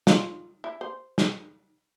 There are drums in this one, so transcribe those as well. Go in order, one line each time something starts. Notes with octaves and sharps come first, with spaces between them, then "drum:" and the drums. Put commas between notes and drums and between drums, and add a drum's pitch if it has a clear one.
F4, drum: snare
E4
C5
drum: snare